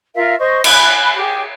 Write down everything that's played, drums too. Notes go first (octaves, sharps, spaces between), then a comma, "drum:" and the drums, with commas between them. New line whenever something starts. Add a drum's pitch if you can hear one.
F4 A#4 E5 F5
C5 D#5 C#6
E5 G#5 B5 F#6, drum: cymbal
G4 G#4